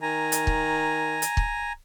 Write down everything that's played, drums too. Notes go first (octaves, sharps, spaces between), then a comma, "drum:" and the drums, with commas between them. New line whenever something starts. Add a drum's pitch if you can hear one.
D#3 G#5 A#5
drum: hi-hat
drum: kick
drum: hi-hat
drum: kick